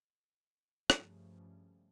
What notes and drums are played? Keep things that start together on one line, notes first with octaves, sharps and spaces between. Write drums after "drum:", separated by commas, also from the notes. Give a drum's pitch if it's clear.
G2 C#3 F3 G3 A3, drum: rim click